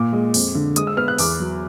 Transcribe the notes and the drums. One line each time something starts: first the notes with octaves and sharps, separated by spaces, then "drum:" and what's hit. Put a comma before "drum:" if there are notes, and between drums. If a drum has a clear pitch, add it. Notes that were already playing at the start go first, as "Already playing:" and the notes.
Already playing: A#2 D6
G#3
F2, drum: open hi-hat
D3
G#3 D#6, drum: hi-hat
E6
B3 F6
F#6
E2 D6, drum: open hi-hat
F#3